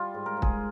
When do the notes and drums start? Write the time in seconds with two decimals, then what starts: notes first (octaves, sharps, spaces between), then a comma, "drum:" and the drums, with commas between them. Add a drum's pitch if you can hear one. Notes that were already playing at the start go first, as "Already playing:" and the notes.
Already playing: G3 F4
0.14 G#2
0.26 A#4
0.37 G#2
0.42 G#4, drum: kick